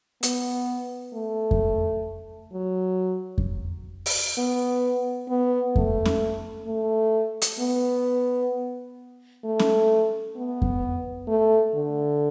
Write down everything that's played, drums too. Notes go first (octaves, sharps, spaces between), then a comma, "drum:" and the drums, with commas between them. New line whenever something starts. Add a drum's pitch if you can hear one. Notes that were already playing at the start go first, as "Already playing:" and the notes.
B3, drum: hi-hat
A3
drum: kick F2
F#3
drum: kick F2
drum: open hi-hat
B3
B3
A3, drum: kick F2
drum: snare C#4
A3
drum: hi-hat
B3
A3
drum: snare C#4
B3
drum: kick F2
A3
D3